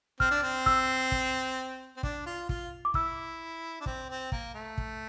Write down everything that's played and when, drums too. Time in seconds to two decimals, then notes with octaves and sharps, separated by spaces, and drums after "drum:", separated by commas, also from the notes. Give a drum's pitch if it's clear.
0.20 C4 F6, drum: kick
0.31 D4
0.42 C4
0.66 E6, drum: kick
1.12 drum: kick
1.97 C4
2.03 D4, drum: kick
2.26 F4
2.49 F4, drum: kick
2.85 D6
2.94 E4 E6, drum: kick
3.81 D4
3.86 C4, drum: kick
4.10 C4
4.32 A#3, drum: kick
4.54 A3
4.78 drum: kick